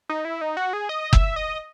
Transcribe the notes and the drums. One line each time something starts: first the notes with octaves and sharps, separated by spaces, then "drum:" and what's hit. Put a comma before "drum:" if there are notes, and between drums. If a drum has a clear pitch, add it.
D#4
E4
D#4
F#4
G#4
D#5
E5, drum: kick F#1
D#5